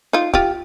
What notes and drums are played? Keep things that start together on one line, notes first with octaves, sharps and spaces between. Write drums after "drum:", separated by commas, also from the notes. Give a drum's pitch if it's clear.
D#4 F4
F4 G4, drum: kick